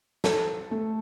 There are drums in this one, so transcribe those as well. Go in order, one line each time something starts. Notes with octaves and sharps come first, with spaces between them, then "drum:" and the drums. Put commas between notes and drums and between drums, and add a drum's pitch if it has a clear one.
A4, drum: snare
A3